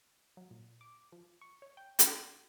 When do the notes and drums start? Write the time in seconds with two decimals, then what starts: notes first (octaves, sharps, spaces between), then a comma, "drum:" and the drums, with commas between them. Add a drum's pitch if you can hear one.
0.37 F#3
0.51 A#2
0.81 D6
1.12 F3
1.41 C#6
1.62 C#5
1.77 G5
1.99 G5, drum: hi-hat